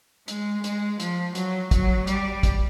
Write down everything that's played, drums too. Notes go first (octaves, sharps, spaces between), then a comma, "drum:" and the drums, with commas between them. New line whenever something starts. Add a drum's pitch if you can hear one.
G#3, drum: hi-hat
G#3, drum: hi-hat
F3, drum: hi-hat
F#3, drum: hi-hat
F#3, drum: kick, hi-hat
G3, drum: hi-hat
drum: kick, hi-hat